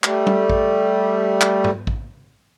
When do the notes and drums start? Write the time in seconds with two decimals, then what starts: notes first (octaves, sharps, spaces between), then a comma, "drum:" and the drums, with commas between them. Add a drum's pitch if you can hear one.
0.04 G3 A3, drum: clap
0.27 drum: tom
0.50 drum: kick
1.41 drum: clap
1.64 drum: tom G#2
1.87 drum: kick